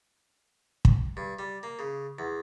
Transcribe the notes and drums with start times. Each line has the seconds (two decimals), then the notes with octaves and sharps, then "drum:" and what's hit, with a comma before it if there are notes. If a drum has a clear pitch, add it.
0.85 drum: kick
1.17 G2
1.39 G3
1.63 A#3
1.79 C#3
2.19 E2